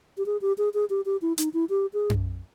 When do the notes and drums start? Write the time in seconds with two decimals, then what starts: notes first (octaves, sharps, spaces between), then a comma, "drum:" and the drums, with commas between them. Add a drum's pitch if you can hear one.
0.18 G4
0.26 G#4
0.42 G4
0.58 G#4
0.74 G#4
0.90 G4
1.06 G4
1.22 E4
1.38 D#4, drum: hi-hat
1.54 E4
1.70 G4
1.93 G#4
2.10 drum: tom F#2